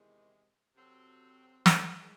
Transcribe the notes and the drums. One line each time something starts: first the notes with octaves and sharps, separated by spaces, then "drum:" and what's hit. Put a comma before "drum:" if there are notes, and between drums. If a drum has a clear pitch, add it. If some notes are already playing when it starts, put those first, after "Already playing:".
Already playing: E2 C3 D#3 G#3
C3 F#3 C4 F#4 A4
drum: snare
D#3 G#3